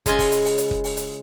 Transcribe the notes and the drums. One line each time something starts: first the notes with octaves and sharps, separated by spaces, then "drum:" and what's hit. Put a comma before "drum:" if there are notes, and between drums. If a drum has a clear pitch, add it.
C#3 G#3 E4 F4 D#5 G#5, drum: kick, hi-hat
drum: kick, open hi-hat
drum: hi-hat
drum: open hi-hat
drum: hi-hat
drum: kick
drum: open hi-hat
drum: hi-hat